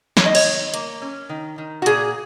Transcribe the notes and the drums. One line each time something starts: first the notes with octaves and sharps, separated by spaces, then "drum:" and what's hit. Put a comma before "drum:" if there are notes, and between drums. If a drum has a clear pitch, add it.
D#3 C#5, drum: snare
D#5
C#5, drum: cymbal
D#3
A#3, drum: hi-hat
C#4
D#3
D#3
F#4
A#2 G#4, drum: hi-hat